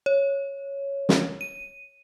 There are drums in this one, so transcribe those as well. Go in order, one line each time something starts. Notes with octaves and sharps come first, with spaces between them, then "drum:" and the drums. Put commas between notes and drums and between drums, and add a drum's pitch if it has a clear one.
C#5
drum: snare
D#7